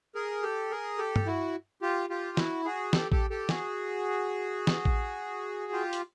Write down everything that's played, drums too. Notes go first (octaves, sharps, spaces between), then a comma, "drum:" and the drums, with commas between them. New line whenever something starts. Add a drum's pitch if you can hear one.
G#4 A#4
G4 A4
G#4 A#4
G4 A4
drum: tom G2
E4 F#4
F4 G4
F4 G4
E4 F#4, drum: snare
F#4 G#4
G4 A4, drum: snare
G4 A4, drum: kick A1
G4 A4
F#4 G#4, drum: snare
drum: snare
drum: kick A1
F4 G4
drum: hi-hat